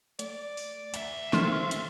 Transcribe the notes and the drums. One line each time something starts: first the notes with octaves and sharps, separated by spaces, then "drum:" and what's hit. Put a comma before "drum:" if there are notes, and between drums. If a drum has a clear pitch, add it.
A3 D5, drum: hi-hat
drum: open hi-hat
D2 E5, drum: hi-hat
D#3 A3 C4 A4 C6 F6, drum: snare
drum: hi-hat